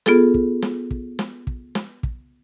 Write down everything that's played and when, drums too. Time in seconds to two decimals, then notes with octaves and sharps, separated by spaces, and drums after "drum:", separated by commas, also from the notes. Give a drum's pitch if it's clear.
0.06 B3 F4 G#4 A4, drum: snare
0.34 drum: kick
0.62 drum: snare
0.91 drum: kick
1.19 drum: snare
1.47 drum: kick
1.75 drum: snare
2.03 drum: kick